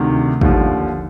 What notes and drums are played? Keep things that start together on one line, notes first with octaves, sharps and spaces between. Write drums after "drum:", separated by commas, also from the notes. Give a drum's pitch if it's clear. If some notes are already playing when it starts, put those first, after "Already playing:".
Already playing: D2 C3 D#3
D#2 D3 F3, drum: kick